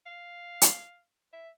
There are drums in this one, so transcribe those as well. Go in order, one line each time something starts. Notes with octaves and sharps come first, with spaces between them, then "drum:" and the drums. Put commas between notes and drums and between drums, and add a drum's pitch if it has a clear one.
F5
drum: hi-hat
E5